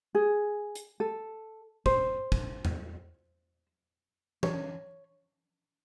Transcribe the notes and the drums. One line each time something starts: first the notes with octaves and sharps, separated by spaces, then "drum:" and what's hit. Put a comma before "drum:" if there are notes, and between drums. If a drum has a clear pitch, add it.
G#4
drum: hi-hat
A4
C5, drum: kick
drum: kick
drum: tom E2
C#5, drum: tom